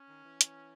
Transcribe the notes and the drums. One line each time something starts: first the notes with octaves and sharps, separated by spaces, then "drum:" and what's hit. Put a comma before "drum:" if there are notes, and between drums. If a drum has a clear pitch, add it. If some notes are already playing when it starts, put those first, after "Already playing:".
Already playing: C#4
D#3
E3
drum: hi-hat